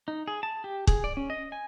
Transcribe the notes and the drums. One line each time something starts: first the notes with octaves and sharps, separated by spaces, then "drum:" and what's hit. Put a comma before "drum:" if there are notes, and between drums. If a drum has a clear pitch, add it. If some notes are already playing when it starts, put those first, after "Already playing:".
D#4
G#4
A5
G4
G#4, drum: kick
D5
C#4
D#5
G#5